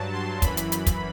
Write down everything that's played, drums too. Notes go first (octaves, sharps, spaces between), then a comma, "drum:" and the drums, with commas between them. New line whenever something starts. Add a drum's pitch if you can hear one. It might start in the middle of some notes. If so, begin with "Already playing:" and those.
Already playing: G2 F#3 A5
C6
F#2 E3 B5, drum: kick, hi-hat
drum: hi-hat
drum: hi-hat
drum: kick, hi-hat